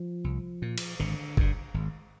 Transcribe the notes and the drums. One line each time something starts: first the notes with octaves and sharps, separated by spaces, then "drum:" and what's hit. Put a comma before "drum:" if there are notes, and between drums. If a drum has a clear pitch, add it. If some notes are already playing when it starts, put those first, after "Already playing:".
Already playing: F3
C2
A#2
drum: cymbal
G#1 D3
G2 D3, drum: kick
G#1